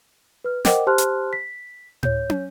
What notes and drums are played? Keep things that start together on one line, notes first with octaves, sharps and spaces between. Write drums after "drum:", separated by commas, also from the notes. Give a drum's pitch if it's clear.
B4 F6
A#4 C5 D#5 F#5 G5 D6, drum: snare
G4 C5 A5 C6 F6 F#6
drum: hi-hat
B6
C#5 G6, drum: tom A2
drum: tom